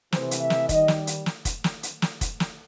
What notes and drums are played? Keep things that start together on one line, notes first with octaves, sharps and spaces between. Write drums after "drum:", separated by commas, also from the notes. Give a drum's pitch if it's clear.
C3 E3 A3 C5, drum: snare
drum: hi-hat
E5
drum: snare
D#3 G3 D#5, drum: kick F1, hi-hat
drum: snare
drum: hi-hat
drum: snare
drum: kick F1, hi-hat
drum: snare
drum: hi-hat
drum: snare
drum: kick F1, hi-hat
drum: snare